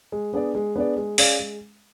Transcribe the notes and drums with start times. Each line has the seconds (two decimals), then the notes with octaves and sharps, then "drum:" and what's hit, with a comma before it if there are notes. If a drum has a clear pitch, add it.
0.12 G#3
0.34 B3 D4 G#4 D5
0.55 G#3
0.76 B3 D4 G#4 D5
0.97 G#3
1.18 C#4 G#4 D5 F5, drum: open hi-hat
1.39 G#3